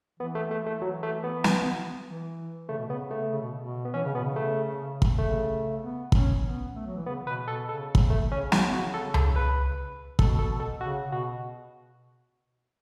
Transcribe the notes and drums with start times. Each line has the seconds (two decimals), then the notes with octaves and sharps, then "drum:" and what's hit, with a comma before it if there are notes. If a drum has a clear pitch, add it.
0.20 E3 B3
0.35 A3
0.51 A3
0.67 A3
0.82 E3 F#3
1.03 A3
1.24 B3
1.44 drum: snare
2.07 E3
2.69 C#3 A3
2.78 B2
2.87 C#3 B3
3.11 A3
3.31 C#3
3.41 B2
3.59 B2
3.85 B3
3.94 E3 C#4
4.05 C#3
4.14 B2 B3
4.24 C#3
4.36 A3
5.02 drum: kick
5.18 C#3 A3
5.81 B3
6.12 C#4, drum: kick
6.44 B3
6.75 A3
6.86 F#3
6.96 E3
7.06 C#3 B3
7.27 B2 B4
7.48 B2 A4
7.69 C#3 A4
7.95 drum: kick
8.10 A3
8.32 C#3 C#4
8.52 F#4, drum: snare
8.73 F#4
8.94 A4
9.14 A4, drum: tom C#2
9.36 B4
10.19 B2 A4, drum: kick
10.39 A4
10.60 A4
10.81 C#3 F#4
11.12 B2 F#4